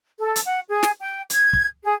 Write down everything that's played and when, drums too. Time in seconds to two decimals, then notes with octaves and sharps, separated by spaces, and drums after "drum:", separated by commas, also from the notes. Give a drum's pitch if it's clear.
0.20 A4
0.36 drum: hi-hat
0.45 F#5
0.67 G#4
0.83 drum: snare
1.00 G5
1.30 G#6, drum: hi-hat
1.53 drum: kick
1.84 G#4